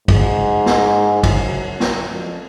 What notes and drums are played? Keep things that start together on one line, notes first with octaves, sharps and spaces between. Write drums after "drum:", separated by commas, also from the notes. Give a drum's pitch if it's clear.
G#2, drum: kick, cymbal
drum: snare
F#2, drum: kick, cymbal
drum: snare
F2